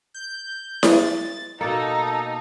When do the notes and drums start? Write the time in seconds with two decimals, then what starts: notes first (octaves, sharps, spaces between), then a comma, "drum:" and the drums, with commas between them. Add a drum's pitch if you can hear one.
0.14 G6
0.83 drum: snare E4
0.97 A6
1.61 B2 A#3 D#4 A4 A#5